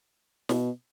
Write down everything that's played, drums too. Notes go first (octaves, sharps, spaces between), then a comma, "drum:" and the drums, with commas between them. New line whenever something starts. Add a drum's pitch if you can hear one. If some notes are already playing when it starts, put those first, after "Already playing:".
B2, drum: snare